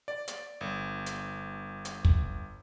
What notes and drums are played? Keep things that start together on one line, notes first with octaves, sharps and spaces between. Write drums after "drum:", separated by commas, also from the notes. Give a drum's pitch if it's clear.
D5
drum: hi-hat
G1
drum: hi-hat
drum: hi-hat
drum: kick